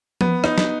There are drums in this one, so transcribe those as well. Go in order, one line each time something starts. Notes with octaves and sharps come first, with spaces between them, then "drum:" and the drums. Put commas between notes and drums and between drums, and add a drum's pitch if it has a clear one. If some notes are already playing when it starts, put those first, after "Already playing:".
B3, drum: tom F3
D#4, drum: rim click
drum: snare